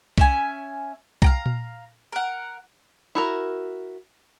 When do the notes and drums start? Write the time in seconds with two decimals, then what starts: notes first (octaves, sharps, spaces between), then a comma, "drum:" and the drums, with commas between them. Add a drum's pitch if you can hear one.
0.18 C#4 E5 G#5, drum: kick B1
1.22 F5 G5 A#5, drum: kick B1
1.46 drum: tom A#2
2.12 A#4 F#5
3.15 E4 F#4 A#4